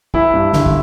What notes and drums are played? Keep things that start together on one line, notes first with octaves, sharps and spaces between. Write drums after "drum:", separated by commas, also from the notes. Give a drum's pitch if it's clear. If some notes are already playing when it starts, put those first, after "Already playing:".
E3 E4, drum: kick
G2
G1, drum: snare
drum: kick